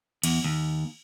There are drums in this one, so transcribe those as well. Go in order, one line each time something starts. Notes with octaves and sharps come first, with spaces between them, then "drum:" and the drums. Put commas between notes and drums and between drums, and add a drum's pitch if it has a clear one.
E2, drum: cymbal
D#2